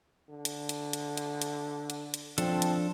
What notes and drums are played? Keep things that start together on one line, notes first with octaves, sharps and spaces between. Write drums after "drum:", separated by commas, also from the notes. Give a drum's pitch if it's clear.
D3
drum: hi-hat
drum: hi-hat
drum: hi-hat
drum: hi-hat
drum: hi-hat
drum: hi-hat
drum: hi-hat
F3 C4 D4 A4, drum: hi-hat
drum: hi-hat